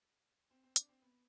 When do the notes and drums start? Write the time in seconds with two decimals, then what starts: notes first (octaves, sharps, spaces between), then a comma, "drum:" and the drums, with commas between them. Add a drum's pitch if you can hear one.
0.50 C4
0.63 C4
0.76 D4, drum: hi-hat
0.89 C4
1.02 B3